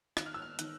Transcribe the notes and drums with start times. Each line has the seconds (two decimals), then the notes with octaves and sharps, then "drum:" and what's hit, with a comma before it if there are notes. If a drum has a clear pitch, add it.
0.17 D#3 F#6, drum: rim click
0.26 F6
0.34 E6
0.42 F6
0.59 D#3 F#6, drum: hi-hat